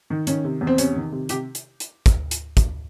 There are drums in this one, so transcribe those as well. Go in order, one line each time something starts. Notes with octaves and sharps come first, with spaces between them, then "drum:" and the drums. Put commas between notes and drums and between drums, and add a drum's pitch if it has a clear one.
D#3
D#3 C#4, drum: hi-hat
C3
E2
C4
C3 C#4, drum: hi-hat
D#3
C3
C3 G4, drum: hi-hat
drum: hi-hat
drum: hi-hat
drum: kick, hi-hat
drum: hi-hat
drum: kick, hi-hat